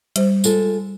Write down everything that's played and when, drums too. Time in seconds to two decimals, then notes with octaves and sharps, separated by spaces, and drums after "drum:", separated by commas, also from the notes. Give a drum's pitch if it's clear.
0.16 G3 C5, drum: hi-hat
0.44 G#3 F4 A4, drum: tambourine